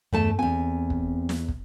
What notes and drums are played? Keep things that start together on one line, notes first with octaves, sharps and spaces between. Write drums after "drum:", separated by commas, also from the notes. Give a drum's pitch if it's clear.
E2 G2 A3 A5
E2 C4 G#5
drum: kick
drum: snare
drum: kick